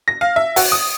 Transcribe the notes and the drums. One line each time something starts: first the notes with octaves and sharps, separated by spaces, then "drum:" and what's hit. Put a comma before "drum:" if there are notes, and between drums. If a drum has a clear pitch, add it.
A#6
F5
E5
F#4, drum: open hi-hat
D#6